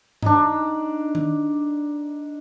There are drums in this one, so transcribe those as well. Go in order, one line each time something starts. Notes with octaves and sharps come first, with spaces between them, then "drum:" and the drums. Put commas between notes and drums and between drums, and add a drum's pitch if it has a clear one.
D4 D#4, drum: tom G2
drum: tom D#3